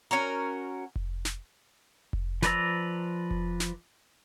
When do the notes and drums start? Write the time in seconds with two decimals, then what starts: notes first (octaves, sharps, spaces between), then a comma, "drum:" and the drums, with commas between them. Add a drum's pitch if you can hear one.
0.11 C#4 F#4 A#4
0.96 drum: kick F1
1.25 drum: snare
2.13 drum: kick F1
2.42 F3 B4 D5 A#5 E6, drum: snare
3.31 drum: kick F1
3.60 drum: snare